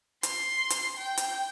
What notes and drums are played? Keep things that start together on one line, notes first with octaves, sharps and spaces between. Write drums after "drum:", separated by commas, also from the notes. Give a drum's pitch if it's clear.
C6, drum: hi-hat
drum: hi-hat
G5
drum: hi-hat